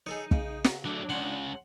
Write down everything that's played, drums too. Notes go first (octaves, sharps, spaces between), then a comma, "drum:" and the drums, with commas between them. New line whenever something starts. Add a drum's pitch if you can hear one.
D#4 G#4 A4 C#5
C#3, drum: kick
drum: snare
F#3 A3 D4
C#2 C#3 F#5 C6